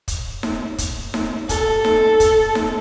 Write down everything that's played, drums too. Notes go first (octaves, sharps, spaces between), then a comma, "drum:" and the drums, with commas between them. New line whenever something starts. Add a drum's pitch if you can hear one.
drum: kick, hi-hat
drum: snare D#4
drum: kick, hi-hat
drum: snare D#4
A4, drum: kick, hi-hat
drum: snare D#4
drum: kick, hi-hat
drum: snare D#4